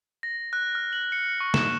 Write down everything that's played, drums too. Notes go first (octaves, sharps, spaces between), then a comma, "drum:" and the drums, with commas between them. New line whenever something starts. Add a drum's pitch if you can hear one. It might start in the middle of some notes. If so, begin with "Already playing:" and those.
A#6
F#6
F6
F#7
C#7
C#6
E7, drum: snare